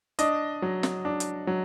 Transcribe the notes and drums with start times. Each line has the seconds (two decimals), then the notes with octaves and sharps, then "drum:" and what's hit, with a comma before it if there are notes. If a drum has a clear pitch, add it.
0.19 D4 D#5, drum: hi-hat
0.62 F#3
0.83 drum: snare
1.05 D4
1.20 drum: hi-hat
1.47 F#3